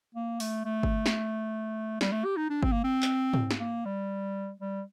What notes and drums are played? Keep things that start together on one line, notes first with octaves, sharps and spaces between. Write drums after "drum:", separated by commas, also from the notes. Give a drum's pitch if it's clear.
A#3
A3, drum: open hi-hat
A3
drum: kick G1
drum: snare
G3, drum: snare
A3
G4
D#4
D4
C4, drum: kick G1
A#3
C4
drum: clap
drum: tom G#2
drum: snare
A#3
G3
G3